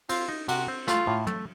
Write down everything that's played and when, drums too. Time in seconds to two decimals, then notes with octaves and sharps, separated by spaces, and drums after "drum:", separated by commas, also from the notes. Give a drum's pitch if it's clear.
0.09 C4 F4, drum: cymbal
0.29 D#4
0.48 C3 F#4, drum: cymbal
0.68 C4
0.88 A3 F4, drum: snare
1.07 A2
1.27 A3, drum: tom